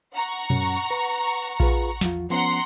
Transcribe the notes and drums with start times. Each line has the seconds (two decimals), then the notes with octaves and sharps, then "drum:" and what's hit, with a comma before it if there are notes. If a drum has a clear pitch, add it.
0.13 F#5 A#5 C#6
0.50 F#2 C#4, drum: tom A#2
0.76 drum: hi-hat
0.91 B4
1.60 F4 G#4 B4, drum: kick A#1
2.01 E2 F3 F4, drum: snare
2.30 F3 B3 C#4 F#5 A#5 C6, drum: hi-hat